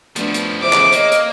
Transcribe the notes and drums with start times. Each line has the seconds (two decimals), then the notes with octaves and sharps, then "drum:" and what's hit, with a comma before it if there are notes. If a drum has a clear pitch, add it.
0.16 F3 A3 B3 D4 E4, drum: hi-hat
0.34 drum: hi-hat
0.62 C#3 E3 A4 C5 E5 D6
0.73 drum: clap
0.92 A#3 C#5 D#5, drum: hi-hat
1.12 drum: hi-hat